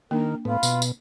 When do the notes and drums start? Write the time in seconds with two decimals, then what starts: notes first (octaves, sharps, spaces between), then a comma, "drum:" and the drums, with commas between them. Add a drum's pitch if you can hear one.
0.11 D#3 A#3 D4 A#4
0.45 A2 B3 F4 B5
0.63 B2, drum: tambourine
0.82 drum: tambourine